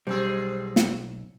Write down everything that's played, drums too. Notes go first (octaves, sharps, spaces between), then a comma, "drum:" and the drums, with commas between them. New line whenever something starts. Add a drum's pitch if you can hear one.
B1 B2 G3 C4 G#4 C5 E6
drum: snare